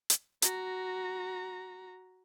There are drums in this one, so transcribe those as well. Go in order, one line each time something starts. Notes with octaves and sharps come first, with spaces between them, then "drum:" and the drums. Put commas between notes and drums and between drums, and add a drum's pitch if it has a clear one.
drum: hi-hat
F#4 A#5, drum: hi-hat